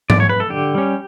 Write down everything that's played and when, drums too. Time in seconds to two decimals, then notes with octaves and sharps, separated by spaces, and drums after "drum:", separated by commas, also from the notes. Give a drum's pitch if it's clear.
0.10 D5, drum: tom G#2
0.20 C#5
0.29 B4
0.40 A4
0.50 D3 G4
0.75 G3 C#4